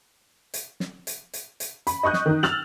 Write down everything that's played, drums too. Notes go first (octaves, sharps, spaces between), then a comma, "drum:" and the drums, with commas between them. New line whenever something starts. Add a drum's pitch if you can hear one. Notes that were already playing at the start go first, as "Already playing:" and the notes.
drum: hi-hat
drum: snare
drum: hi-hat
drum: hi-hat
drum: hi-hat
B5, drum: hi-hat
D#5 C#6 D#6 F#6 G6
drum: snare
D#3 D#4
E6 F6 A6 F7 F#7, drum: snare